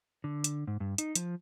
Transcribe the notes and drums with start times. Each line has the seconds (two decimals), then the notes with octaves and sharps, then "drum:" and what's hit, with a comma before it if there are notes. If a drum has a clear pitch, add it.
0.24 D3
0.44 drum: hi-hat
0.67 G#2
0.80 G2
0.98 D#4, drum: hi-hat
1.15 F3, drum: hi-hat